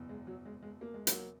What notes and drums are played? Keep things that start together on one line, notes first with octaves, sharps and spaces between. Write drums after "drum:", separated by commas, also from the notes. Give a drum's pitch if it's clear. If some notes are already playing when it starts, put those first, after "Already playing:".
Already playing: F#1 E2 B2
G#3
F#3
G#3
G#3
A#3
G#3
F#3 A#3, drum: hi-hat